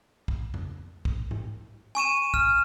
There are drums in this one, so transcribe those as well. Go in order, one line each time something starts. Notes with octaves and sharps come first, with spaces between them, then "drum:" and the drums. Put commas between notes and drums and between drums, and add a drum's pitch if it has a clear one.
drum: kick
drum: tom F2
drum: kick
drum: tom G#2
G#5 C#6 D#7 E7
F6, drum: kick